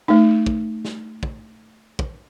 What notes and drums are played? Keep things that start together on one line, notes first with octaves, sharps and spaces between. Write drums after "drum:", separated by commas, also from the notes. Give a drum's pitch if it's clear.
A3 D#4
drum: kick
drum: snare
drum: kick
drum: kick